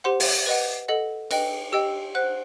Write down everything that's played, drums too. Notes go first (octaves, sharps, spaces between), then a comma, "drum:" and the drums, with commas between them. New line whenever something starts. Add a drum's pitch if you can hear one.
G4 C5 F#5 C6
drum: open hi-hat
B4 D#5 F#5
A4 D#5 F#5
B4 D#5 G5, drum: cymbal
G4 D#5 G5 E6
C5 F#5 F#6